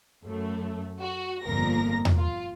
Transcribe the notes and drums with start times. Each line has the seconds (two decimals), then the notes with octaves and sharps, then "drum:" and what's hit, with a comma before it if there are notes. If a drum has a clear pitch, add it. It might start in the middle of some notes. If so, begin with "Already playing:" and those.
0.23 F#2 A3
1.01 F#4
1.44 G1 F2 A#2 F3 A#4 A#6
2.05 drum: tom E2
2.17 F4